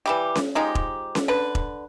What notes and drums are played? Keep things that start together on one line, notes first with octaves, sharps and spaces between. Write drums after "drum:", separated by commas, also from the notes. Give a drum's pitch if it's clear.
E3 G3 G4
drum: snare C#4
F3 G#3 D#4 G4
drum: kick E1
drum: snare C#4
D3 B4
drum: kick E1